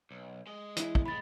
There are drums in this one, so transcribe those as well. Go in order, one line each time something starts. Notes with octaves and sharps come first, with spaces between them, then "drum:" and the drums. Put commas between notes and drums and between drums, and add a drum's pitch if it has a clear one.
B1
G#3 D#5
E3 E4, drum: hi-hat
drum: kick
D#2 G#3 B5 A6